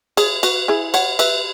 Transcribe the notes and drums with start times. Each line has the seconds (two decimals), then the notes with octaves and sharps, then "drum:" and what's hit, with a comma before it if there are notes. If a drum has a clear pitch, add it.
0.17 G#4 C#5, drum: cymbal
0.43 F#4 B4, drum: cymbal
0.68 E4 G#4
0.94 C#5 F#5, drum: cymbal
1.19 B4 E5, drum: cymbal